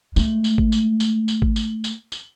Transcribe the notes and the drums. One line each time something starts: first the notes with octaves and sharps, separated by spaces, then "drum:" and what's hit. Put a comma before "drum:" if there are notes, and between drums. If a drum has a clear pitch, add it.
G#3 A3, drum: tambourine
drum: tambourine
drum: kick G#1
drum: tambourine
drum: tambourine
drum: tambourine
drum: kick G#1
drum: tambourine
drum: tambourine
drum: tambourine